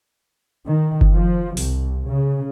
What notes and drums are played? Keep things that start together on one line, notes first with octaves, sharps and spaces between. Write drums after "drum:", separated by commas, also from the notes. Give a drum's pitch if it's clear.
D#3
drum: kick F#1
F3
C2, drum: open hi-hat
C#3